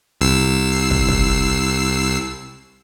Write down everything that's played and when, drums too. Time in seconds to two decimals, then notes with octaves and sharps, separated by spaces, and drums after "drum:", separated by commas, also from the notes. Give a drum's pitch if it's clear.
0.21 C2 E6 C7
0.91 drum: kick
1.08 drum: kick